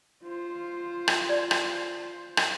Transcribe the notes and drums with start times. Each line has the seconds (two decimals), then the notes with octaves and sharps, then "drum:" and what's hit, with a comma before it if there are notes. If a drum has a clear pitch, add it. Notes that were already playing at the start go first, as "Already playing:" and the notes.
0.23 F4 C5
1.08 drum: rim click
1.29 D5
1.51 drum: rim click
2.37 drum: rim click